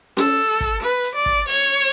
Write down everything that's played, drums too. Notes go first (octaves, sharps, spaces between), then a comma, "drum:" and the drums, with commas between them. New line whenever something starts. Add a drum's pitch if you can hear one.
A4, drum: snare C#4
drum: kick, hi-hat
B4
drum: hi-hat
D5
drum: kick
C#5, drum: open hi-hat